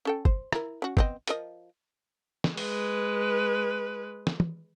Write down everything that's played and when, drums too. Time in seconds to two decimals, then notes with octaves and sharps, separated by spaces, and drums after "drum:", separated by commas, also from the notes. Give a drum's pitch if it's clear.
0.05 C#4 A4 G5
0.25 C5, drum: kick
0.52 E4 A#4, drum: rim click
0.82 C#4 F#4
0.97 B3 C4 D#5, drum: kick
1.27 F3 A#4 D#5, drum: hi-hat
2.44 drum: snare
2.57 G#3 B4, drum: open hi-hat
4.27 drum: snare
4.40 drum: tom